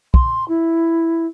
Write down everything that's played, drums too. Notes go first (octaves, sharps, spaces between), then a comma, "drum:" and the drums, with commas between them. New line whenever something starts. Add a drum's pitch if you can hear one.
C6, drum: kick
E4